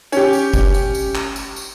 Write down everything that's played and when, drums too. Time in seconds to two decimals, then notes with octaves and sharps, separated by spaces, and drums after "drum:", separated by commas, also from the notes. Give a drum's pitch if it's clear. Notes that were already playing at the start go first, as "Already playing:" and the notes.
0.12 C#4 G4, drum: tambourine
0.33 drum: tambourine
0.54 drum: kick F#1, tambourine
0.74 drum: tambourine
0.95 drum: tambourine
1.15 drum: clap
1.36 drum: tambourine
1.56 drum: tambourine